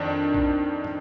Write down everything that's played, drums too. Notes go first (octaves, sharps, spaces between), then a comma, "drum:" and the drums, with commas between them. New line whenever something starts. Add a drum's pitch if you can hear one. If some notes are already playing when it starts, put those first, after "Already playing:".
Already playing: F2 D#3 D4
drum: kick B1
drum: tom